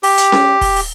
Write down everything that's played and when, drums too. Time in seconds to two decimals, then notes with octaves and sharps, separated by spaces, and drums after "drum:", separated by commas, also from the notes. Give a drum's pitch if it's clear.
0.03 G4, drum: open hi-hat
0.18 drum: hi-hat
0.32 drum: snare C#4
0.61 drum: kick, open hi-hat
0.76 drum: open hi-hat